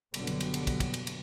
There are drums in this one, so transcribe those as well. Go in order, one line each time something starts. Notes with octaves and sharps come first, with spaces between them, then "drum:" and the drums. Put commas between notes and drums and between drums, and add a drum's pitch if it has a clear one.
F#1 B2 D3 F#3 G3 B3, drum: cymbal
drum: cymbal
drum: cymbal
drum: cymbal
drum: kick, cymbal
drum: kick, cymbal
drum: cymbal
drum: cymbal